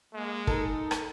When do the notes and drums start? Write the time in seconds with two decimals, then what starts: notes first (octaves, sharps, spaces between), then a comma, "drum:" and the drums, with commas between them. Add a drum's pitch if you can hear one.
0.14 G#3 A#3
0.47 D#4 A4 A#4, drum: kick
0.91 drum: rim click